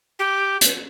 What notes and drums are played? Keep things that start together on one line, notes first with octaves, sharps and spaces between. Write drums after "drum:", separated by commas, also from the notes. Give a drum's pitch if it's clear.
G4
drum: hi-hat